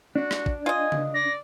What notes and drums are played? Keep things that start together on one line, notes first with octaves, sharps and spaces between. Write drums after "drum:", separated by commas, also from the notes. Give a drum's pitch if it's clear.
D4 F#4
drum: rim click
drum: kick
F4 D#5 G#5
drum: tom C#3
D5 A#6